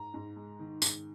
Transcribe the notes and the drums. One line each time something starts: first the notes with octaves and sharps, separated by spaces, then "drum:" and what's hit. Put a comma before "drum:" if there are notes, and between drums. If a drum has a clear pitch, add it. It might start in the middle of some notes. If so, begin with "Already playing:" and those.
Already playing: G#2 A#5
G#2
G#3
D#3
G#2, drum: tambourine